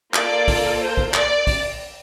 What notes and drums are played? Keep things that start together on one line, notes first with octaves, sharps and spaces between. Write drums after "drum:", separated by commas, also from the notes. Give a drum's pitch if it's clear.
A#3 F4 A4 D5, drum: clap
drum: kick, open hi-hat
C5
drum: kick
D5, drum: clap
drum: kick, open hi-hat